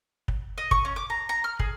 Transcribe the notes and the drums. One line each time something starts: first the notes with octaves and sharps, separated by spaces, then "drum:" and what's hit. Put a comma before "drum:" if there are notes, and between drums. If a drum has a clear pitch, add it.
drum: kick
D#5
C#6, drum: kick
C#4
D6
A#5
A#5
F6
G#4, drum: kick